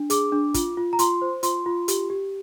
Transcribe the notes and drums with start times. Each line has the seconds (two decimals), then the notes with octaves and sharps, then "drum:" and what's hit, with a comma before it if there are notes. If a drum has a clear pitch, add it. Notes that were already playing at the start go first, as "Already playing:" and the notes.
Already playing: D4
0.10 G#4 D6, drum: hi-hat
0.32 D4
0.54 F4, drum: kick, hi-hat
0.77 F4
0.93 A#5
0.99 F4 C6, drum: hi-hat
1.22 C5
1.43 F4 C6, drum: hi-hat
1.66 F4
1.88 G4, drum: hi-hat
2.10 G4